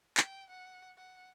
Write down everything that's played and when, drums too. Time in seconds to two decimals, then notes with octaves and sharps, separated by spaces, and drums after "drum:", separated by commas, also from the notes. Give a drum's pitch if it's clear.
0.17 G5, drum: clap
0.50 F#5
0.97 F#5